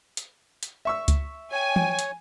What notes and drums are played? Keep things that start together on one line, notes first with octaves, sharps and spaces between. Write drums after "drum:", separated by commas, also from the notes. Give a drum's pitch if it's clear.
drum: hi-hat
drum: hi-hat
E5 C#6 E6
drum: kick C#2, hi-hat
C#5 G5 G#5
drum: tom
drum: hi-hat